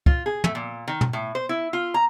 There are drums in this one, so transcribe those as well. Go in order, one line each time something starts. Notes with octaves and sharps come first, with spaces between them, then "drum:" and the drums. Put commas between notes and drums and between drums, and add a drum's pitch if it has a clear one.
F4, drum: kick
G#4
A3, drum: tom
A#2
D#3
drum: tom
A2
C5
E4
F4
A#5